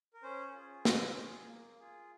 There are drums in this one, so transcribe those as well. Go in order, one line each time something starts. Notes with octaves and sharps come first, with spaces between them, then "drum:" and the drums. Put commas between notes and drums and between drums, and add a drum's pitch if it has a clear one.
A#4
C#4 C5
F4 G#4
C#4 C5, drum: snare
F4 G#4
A#3
F4 G#4